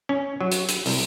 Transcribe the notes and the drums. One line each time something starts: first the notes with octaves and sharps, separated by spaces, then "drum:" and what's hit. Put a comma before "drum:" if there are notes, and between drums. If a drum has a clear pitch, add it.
C#4
F#3
drum: hi-hat
drum: hi-hat
C2, drum: open hi-hat